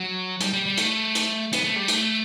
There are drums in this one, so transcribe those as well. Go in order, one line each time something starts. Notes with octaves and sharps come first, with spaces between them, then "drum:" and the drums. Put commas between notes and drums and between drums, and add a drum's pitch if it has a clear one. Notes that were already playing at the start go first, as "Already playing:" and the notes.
Already playing: F#3
G3, drum: hi-hat
G3
G3
A3, drum: hi-hat
drum: hi-hat
B3, drum: hi-hat
A3
G3
A3, drum: hi-hat